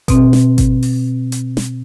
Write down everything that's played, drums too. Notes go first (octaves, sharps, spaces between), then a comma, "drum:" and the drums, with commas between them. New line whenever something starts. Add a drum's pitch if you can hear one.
B2 C4, drum: kick G#1, hi-hat
drum: snare
drum: kick G#1, hi-hat
drum: open hi-hat
drum: hi-hat
drum: snare